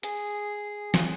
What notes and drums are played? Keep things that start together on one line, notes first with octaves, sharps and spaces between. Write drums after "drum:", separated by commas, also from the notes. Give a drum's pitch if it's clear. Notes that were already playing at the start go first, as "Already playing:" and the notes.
G#4, drum: hi-hat
drum: snare